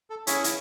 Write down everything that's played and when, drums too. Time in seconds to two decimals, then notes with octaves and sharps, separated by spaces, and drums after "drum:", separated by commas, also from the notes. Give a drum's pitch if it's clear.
0.10 A4
0.27 C#4 E4 G#4 C#5 E5, drum: hi-hat
0.44 drum: hi-hat